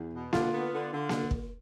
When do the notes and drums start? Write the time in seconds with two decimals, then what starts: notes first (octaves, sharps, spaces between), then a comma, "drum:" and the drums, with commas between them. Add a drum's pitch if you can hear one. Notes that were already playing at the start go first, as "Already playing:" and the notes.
Already playing: E2
0.13 B2
0.33 D3 F4, drum: snare A#3
0.52 B3
0.73 D3
0.94 D3
1.09 drum: snare A#3
1.31 drum: kick